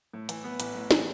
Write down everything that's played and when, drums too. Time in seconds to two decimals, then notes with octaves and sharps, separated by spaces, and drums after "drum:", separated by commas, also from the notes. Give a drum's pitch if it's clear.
0.14 A2
0.29 E3, drum: hi-hat
0.44 B3
0.60 A1, drum: hi-hat
0.75 A2
0.91 E3, drum: snare